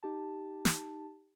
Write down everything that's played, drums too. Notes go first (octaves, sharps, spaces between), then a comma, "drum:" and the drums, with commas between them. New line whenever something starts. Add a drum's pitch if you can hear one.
D#4 G4 A5
drum: snare